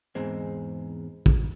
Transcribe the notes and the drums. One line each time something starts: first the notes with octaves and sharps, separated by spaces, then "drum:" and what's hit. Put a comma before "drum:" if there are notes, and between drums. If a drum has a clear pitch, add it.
E2 G#2 G#3 C4
drum: kick